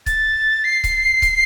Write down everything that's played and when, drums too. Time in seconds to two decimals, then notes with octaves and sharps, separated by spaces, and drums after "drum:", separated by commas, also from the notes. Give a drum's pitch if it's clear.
0.06 A6, drum: kick C#1, hi-hat
0.64 C7
0.84 drum: kick C#1, hi-hat
1.22 drum: kick C#1, hi-hat